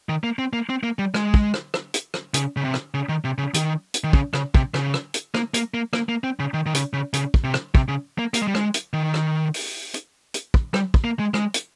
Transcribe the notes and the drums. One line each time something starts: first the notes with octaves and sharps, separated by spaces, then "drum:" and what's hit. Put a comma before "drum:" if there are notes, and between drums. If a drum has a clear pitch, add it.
D#3
A#3
C4
A#3
C4
A#3
G3
G#3, drum: rim click
drum: kick
drum: rim click
drum: rim click
drum: hi-hat
drum: rim click
C#3, drum: hi-hat
C#3
C3
drum: rim click
C#3
D#3
C3
C#3
D#3, drum: hi-hat
drum: hi-hat
D#3
C#3, drum: kick
C#3, drum: rim click
C3, drum: kick
C#3, drum: rim click
drum: rim click
drum: hi-hat
A#3, drum: rim click
A#3, drum: hi-hat
A#3
A#3, drum: rim click
A#3
C4
C#3
D#3
D#3
C#3, drum: hi-hat
C#3
C#3, drum: hi-hat
drum: kick
C3
drum: rim click
C3, drum: kick
C#3
A#3
A#3, drum: hi-hat
G#3
G3
G#3, drum: rim click
drum: hi-hat
D#3
drum: rim click
drum: open hi-hat
drum: hi-hat
drum: hi-hat
drum: kick
G3, drum: rim click
drum: kick
A#3
G#3
G#3, drum: rim click
drum: hi-hat